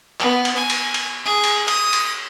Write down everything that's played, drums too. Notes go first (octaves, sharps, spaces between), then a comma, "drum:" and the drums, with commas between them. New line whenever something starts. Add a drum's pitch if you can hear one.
B3, drum: clap
drum: cymbal
G#5
drum: cymbal
drum: cymbal
G#4
drum: cymbal
D#6, drum: cymbal
drum: cymbal